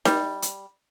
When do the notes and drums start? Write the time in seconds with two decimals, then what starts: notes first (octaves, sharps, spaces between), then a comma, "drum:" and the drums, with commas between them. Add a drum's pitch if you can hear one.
0.05 G3, drum: snare D#4
0.42 drum: hi-hat